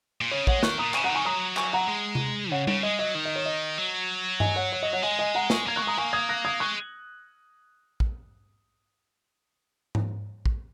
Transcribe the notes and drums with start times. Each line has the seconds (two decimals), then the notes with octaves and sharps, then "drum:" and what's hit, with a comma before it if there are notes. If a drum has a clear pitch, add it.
0.21 A#2
0.31 C#3 C#5
0.47 G#3 C#5 F#5, drum: kick
0.63 D#3 C#6 F#6, drum: snare
0.78 A#2 A#5 D#6
0.94 C#3 G#5 C#6, drum: clap
1.04 F#5 A#5
1.10 D#3
1.15 G#5 C#6
1.25 F#3 A#5 D#6
1.57 G#5 C#6, drum: clap
1.73 F#5 A#5
1.89 G#3
2.15 drum: tom C3
2.52 C#3 C#5 F#5
2.67 C#3, drum: tom G3
2.83 G#3 D#5
2.99 F#3 D#5
3.14 D#3
3.25 D#5
3.36 C#5
3.46 D#5
3.78 F#3
4.40 D#5 G#5, drum: tom G2
4.56 C#5 F#5
4.72 C#5
4.83 D#5
4.93 C#5 F#5
5.03 G#3 D#5 G#5
5.19 D#5 G#5
5.35 F#5 A#5
5.50 G#5 C#6, drum: snare
5.66 A#3 G#6
5.76 C#6 F#6
5.82 G#3
5.87 A#5 D#6
5.98 A#3 G#5 C#6
6.13 D#6 G#6
6.29 F#6 A#6
6.45 D#6 G#6
6.60 G#3 C#6 F#6
8.00 drum: kick
9.95 drum: tom G#2
10.46 drum: kick